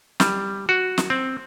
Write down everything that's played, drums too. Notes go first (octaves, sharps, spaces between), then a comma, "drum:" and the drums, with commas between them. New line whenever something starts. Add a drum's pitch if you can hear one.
G3, drum: snare
F#4
drum: snare
C4